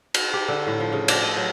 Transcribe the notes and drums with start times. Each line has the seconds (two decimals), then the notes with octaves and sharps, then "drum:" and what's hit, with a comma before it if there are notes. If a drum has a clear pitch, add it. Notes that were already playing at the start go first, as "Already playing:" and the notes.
0.14 drum: cymbal
0.33 G4
0.48 D3
0.67 A2
0.80 F3
0.93 C#3
1.08 D4, drum: cymbal
1.23 D#5
1.37 F#3